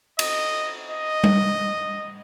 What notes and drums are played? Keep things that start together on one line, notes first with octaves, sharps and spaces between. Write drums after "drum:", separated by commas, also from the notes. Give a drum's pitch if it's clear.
D#5, drum: cymbal
D#5
drum: tom G3